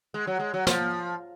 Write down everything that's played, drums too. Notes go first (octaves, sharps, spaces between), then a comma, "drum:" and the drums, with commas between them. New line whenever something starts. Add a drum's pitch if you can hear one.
G#3
F#3
G#3
F#3
F3, drum: snare